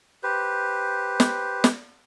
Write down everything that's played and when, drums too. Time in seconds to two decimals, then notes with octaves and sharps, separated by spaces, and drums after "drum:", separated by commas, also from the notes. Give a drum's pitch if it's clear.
0.23 G4 B4 C5
1.20 drum: snare
1.64 drum: snare